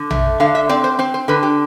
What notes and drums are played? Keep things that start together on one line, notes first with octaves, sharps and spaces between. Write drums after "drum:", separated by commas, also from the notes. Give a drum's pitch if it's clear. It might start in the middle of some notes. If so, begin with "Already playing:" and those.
Already playing: D3
A3, drum: tom A#1
D3 F5
E5
C4 D5
C5
C4 C5
C5
D3 B4
G4